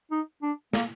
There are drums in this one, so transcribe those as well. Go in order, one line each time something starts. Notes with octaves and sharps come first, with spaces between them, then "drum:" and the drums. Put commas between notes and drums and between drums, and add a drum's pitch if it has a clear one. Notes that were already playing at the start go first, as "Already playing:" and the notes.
D#4
D4
A#3, drum: snare